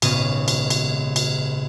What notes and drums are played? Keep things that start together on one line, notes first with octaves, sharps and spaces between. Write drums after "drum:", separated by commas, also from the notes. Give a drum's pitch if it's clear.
G#1 A#2 C#3 B3 C#4 D#7, drum: cymbal
drum: cymbal
drum: cymbal
drum: cymbal